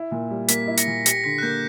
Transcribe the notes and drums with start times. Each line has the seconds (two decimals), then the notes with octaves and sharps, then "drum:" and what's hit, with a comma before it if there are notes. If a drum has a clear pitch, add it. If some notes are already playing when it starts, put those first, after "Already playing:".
Already playing: E4
0.11 A#2
0.30 G3
0.48 A#3 B6, drum: hi-hat
0.67 E4
0.77 A#6 C#7, drum: hi-hat
0.87 A#2
1.06 G4 A#6 C#7, drum: hi-hat
1.24 D3 B6
1.38 F#6
1.42 A#3 G6